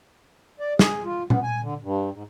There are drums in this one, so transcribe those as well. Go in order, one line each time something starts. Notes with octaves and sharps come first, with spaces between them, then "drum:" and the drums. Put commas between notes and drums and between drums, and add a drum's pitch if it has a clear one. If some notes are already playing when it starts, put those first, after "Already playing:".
D5
G#4, drum: snare
F4
B3, drum: tom A#2
G#5
D3
G2
G#2